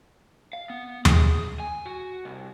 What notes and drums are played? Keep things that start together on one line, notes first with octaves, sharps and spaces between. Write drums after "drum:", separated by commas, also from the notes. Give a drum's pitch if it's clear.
F5
B3
G#4, drum: tom D#2
G#5
F#4
C2